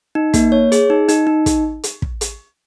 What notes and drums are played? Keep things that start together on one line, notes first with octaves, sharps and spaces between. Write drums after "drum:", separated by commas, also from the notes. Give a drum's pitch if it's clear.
D#4
A#3, drum: kick, hi-hat
C#5
G#4, drum: hi-hat
D#4
D#4, drum: hi-hat
D#4
drum: kick, hi-hat
drum: hi-hat
drum: kick
drum: hi-hat